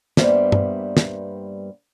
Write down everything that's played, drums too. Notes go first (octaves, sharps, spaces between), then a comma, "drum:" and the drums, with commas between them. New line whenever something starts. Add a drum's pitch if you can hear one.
G2 G3 A#3 B3 C5 E5, drum: snare
drum: tom G2
drum: snare